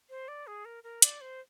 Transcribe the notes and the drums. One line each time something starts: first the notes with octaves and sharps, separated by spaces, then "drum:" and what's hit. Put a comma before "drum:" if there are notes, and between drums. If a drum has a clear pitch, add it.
C5
D5
G#4
A#4
A#4
D5, drum: hi-hat
C5